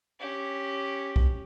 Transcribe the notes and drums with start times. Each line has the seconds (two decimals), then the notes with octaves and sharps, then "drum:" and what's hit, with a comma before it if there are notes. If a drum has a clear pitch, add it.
0.20 C#4 G4
1.16 drum: kick